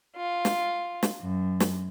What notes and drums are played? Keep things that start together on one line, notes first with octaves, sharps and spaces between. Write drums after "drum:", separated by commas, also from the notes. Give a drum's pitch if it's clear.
F4
drum: snare
drum: snare
F#2
drum: snare